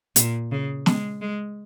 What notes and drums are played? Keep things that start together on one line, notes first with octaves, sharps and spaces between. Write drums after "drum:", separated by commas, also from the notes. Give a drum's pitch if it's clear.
A#2, drum: hi-hat
C#3
G#3, drum: snare
G#3